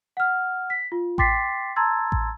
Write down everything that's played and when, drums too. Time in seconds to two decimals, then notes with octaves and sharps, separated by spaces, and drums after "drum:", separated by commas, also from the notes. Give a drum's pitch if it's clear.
0.17 F#5 F6
0.70 B6
0.92 F4
1.18 G5 C6 D6 A6 B6 C7, drum: kick A1
1.76 A5 A#5 C6 E6 G#6 A6
2.12 drum: kick A1